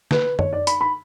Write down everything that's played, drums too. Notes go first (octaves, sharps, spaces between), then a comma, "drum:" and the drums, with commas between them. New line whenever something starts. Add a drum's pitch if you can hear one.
B4, drum: snare
C#5, drum: tom
D5
B5, drum: hi-hat
B5